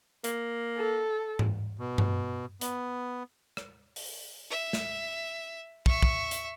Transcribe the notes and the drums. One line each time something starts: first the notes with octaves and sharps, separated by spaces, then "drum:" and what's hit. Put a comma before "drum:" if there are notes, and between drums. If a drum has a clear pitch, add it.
A#3, drum: hi-hat
A4
drum: tom G#2
B2
drum: tom G2
B3, drum: hi-hat
drum: rim click
drum: open hi-hat
E5
drum: snare
E5 C#6, drum: kick
drum: kick
drum: hi-hat